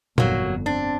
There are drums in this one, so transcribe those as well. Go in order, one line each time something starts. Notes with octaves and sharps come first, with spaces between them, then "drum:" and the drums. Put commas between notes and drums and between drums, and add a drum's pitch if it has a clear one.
G1 F2 F#3 A#3, drum: tom A#2
C4 D4